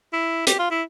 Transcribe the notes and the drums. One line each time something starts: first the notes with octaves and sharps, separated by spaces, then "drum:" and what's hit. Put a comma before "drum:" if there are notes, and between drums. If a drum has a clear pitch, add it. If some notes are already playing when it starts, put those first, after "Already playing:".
E4
G4, drum: hi-hat
F4
E4